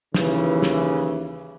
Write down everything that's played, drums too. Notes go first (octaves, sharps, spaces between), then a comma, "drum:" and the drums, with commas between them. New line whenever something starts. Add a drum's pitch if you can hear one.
D#2 C#3 E3, drum: snare
drum: snare